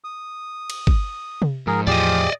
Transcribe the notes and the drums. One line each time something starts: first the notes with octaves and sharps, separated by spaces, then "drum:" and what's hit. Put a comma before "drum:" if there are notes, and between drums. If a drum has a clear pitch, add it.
D#6
drum: cymbal
drum: kick
drum: tom C3
G#2 F3 G#4 A#4
E2 A2 F3 G4 G#4 D5 D#5